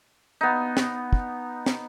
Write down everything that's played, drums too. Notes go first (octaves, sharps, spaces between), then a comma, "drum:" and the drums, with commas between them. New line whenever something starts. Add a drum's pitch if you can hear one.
B3 D#4
drum: snare
drum: kick
drum: snare